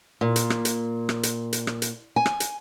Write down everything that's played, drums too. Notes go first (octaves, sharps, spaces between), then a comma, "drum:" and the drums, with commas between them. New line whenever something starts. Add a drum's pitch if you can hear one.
A#2
drum: hi-hat
drum: rim click
drum: hi-hat
drum: rim click
drum: hi-hat
drum: hi-hat
drum: rim click
drum: hi-hat
G#5
drum: rim click
drum: hi-hat